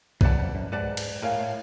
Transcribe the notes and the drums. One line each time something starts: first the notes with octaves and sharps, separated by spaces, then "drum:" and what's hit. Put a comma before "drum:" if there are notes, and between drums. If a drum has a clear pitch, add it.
F#2 B4 D5 F#5 A5, drum: kick
F2
F#2
G#2 B4 D5 F#5 A5
drum: cymbal
A2 A#4 C#5 F5 G#5
A2